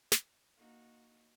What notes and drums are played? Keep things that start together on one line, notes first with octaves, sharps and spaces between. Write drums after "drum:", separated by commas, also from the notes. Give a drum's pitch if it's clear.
drum: snare
A#3 D#4 F#4